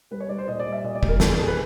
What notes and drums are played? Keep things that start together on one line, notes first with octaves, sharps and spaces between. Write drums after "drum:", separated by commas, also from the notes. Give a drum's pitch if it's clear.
G3 B4
C#5
G3 D5
C5
A#2 D#5
D5
G3
E5
A#2 D#5
D5
G3, drum: kick
A#4
G3 A4, drum: snare
G#4
A#2 A4
B4